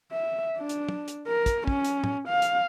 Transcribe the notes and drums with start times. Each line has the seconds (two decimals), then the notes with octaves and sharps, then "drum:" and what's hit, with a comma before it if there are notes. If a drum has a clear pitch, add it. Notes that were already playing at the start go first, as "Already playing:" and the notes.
0.12 E5
0.57 D4
0.69 drum: hi-hat
0.89 drum: tom
1.08 drum: hi-hat
1.27 A#4
1.46 drum: kick, hi-hat
1.67 C#4, drum: kick
1.84 drum: hi-hat
2.04 drum: tom
2.28 F5
2.42 drum: hi-hat